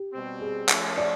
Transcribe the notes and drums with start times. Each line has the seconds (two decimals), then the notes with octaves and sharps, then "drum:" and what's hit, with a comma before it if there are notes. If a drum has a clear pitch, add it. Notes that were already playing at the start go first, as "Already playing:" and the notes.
Already playing: G4
0.13 B2 G3 C4
0.41 G#4
0.69 F3 A3 C#4, drum: clap
0.97 D5